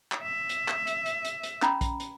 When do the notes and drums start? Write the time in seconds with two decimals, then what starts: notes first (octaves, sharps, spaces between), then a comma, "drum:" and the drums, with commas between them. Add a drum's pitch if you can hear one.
0.12 drum: clap
0.23 E5
0.49 drum: hi-hat
0.68 drum: clap
0.87 drum: hi-hat
1.06 drum: hi-hat
1.25 drum: hi-hat
1.43 drum: hi-hat
1.62 C#4 A#5 B5, drum: clap
1.81 drum: kick A#1, hi-hat
2.00 drum: hi-hat